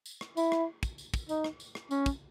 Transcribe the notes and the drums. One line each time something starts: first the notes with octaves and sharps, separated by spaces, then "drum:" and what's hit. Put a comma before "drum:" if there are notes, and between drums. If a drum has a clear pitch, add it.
drum: tambourine
drum: rim click
E4, drum: tambourine
drum: rim click
drum: kick, tambourine
drum: tambourine
drum: kick, tambourine
D#4, drum: tambourine
drum: rim click
drum: tambourine
drum: rim click
C#4, drum: tambourine
drum: kick, tambourine